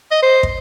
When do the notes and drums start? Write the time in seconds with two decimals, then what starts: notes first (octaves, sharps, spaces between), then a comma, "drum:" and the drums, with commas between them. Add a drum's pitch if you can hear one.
0.11 D#5
0.22 C5
0.43 drum: kick